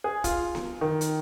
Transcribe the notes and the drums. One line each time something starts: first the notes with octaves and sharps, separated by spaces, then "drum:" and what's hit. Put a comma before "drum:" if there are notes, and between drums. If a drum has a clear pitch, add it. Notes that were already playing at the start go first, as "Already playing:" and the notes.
G#4
F4, drum: kick, hi-hat
drum: snare B3
D#3
drum: hi-hat